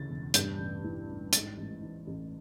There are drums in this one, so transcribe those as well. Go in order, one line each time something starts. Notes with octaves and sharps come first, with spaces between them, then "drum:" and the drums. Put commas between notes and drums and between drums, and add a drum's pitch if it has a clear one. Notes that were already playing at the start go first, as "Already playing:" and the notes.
Already playing: D2 C#3 E3 A6
E1
G2 G6, drum: hi-hat
A1
E3
A1
G#2 A6, drum: hi-hat
A1
E3
A1